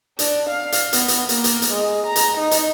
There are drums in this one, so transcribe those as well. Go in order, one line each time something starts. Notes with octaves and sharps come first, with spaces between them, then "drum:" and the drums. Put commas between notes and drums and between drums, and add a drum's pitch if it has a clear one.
D4, drum: hi-hat
F5
drum: hi-hat
B3, drum: hi-hat
drum: hi-hat
A#3, drum: hi-hat
drum: hi-hat
drum: hi-hat
G#3
A#5
drum: hi-hat
D#4
drum: hi-hat